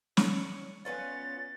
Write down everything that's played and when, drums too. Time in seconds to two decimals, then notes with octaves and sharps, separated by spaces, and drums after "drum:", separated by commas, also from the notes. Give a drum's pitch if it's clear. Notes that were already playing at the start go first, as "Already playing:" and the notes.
0.17 C#5, drum: snare
0.85 B3 C#4 F4 A6